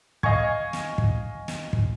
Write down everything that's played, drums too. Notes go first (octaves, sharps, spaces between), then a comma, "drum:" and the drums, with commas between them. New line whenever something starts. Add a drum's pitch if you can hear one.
D#5 F5 G#5 C#6 G#6, drum: kick
drum: snare
drum: kick
drum: snare
drum: kick